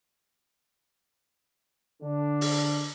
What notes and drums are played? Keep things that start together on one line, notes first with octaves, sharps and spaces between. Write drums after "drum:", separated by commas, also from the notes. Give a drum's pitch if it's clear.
D3 D4
drum: open hi-hat